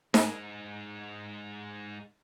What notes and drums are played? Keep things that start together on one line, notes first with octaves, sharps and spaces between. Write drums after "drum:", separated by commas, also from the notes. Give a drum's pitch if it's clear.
G#3 D#4, drum: snare D#4